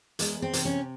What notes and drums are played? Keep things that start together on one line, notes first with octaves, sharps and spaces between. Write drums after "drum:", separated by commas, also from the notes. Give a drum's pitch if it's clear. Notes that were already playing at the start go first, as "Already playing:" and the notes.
E2 G#3, drum: hi-hat
C4
C3, drum: hi-hat
C#4